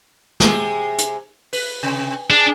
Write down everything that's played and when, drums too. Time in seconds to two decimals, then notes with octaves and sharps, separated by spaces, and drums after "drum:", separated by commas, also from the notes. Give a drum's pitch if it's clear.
0.40 C3 G#3 G#4, drum: snare
0.98 drum: hi-hat
1.53 B4, drum: open hi-hat
1.83 C3
2.30 D4 G#4